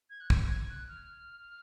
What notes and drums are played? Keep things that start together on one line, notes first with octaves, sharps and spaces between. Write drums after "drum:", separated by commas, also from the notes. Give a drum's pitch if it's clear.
G#6
F#6
G#6, drum: kick
G#6
F#6
F6